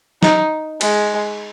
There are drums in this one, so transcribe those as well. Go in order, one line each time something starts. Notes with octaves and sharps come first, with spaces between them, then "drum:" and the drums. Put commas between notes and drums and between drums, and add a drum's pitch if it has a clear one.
D#4, drum: snare F#3
G#3, drum: cymbal